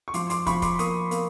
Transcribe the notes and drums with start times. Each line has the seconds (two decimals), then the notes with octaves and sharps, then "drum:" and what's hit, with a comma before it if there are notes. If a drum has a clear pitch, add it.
0.08 C#6
0.14 F3 C6 D6, drum: hi-hat
0.30 C6 D6, drum: hi-hat
0.47 F3 B5 C#6, drum: kick, hi-hat
0.62 C6 D6, drum: kick, hi-hat
0.79 A#3 C#6 D#6, drum: hi-hat
1.11 A#3, drum: hi-hat